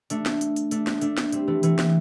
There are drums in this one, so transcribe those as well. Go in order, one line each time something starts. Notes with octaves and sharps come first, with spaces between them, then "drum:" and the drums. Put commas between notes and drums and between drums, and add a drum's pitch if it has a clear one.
A3 D4, drum: hi-hat
drum: snare
drum: hi-hat
drum: hi-hat
A3 D4, drum: hi-hat
drum: snare
A3 D4, drum: hi-hat
drum: snare
G3 C4, drum: hi-hat
E3 A3
E3 A3, drum: hi-hat
drum: snare